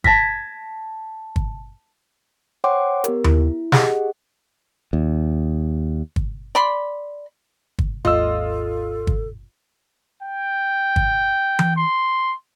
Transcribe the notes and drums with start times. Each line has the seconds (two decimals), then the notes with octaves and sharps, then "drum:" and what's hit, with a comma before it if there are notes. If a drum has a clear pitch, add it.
0.04 A5 G#6 A#6 B6, drum: kick
1.36 drum: kick
2.64 C5 C#5 F#5 G5 C6 D6
3.04 B3 G4 A#4, drum: hi-hat
3.24 E4, drum: tom D#2
3.72 G4 G#4 D#5 F#5, drum: snare
4.93 D#2
6.16 drum: kick
6.55 D5 B5 C6
7.79 drum: kick
8.05 G#1 D#2 A#3 F4 A4 D#5 E6
9.07 drum: kick
10.23 G5
10.96 drum: kick
11.59 drum: tom E3
11.77 C6